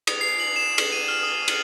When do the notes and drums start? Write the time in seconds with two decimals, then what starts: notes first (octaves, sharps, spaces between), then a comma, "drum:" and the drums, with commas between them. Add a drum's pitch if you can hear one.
0.07 D#6, drum: cymbal
0.21 C7
0.40 F#7
0.56 E7
0.78 F#7, drum: cymbal
0.92 D#7
1.08 F6
1.23 D#6
1.48 F#7, drum: cymbal